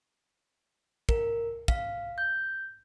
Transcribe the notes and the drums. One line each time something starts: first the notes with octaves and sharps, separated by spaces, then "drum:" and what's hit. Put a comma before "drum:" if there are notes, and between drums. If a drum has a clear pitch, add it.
A#4, drum: kick
F5, drum: kick
G6